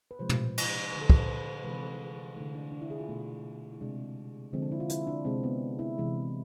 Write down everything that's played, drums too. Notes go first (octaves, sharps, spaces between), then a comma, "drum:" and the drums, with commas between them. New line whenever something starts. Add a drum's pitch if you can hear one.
B4
C3 F3 G#3 C5
drum: tom
drum: cymbal
D3 A3 B4
A4
B4, drum: kick
C5
B4
C5
C3 E3 G#3 B4
A4
G#4
D3 A3 E4
D4
D4
E4
G#4
F4
B2 A3
E4
C3 G#3 D4
D3 F3 G#3 C4
D4
E4
F4
E4, drum: hi-hat
D4
C3 G#3 C4
B3
E4
C3 E3 G#3